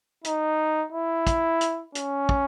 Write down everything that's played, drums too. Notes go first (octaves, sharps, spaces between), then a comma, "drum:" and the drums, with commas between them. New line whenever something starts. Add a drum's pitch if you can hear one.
D#4, drum: hi-hat
E4
drum: kick, hi-hat
drum: hi-hat
C#4, drum: hi-hat
drum: kick